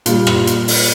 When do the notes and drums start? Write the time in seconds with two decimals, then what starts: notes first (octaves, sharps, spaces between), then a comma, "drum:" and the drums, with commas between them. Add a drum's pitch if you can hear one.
0.06 A#2 G3 F4, drum: hi-hat
0.27 drum: rim click
0.47 drum: hi-hat
0.68 drum: open hi-hat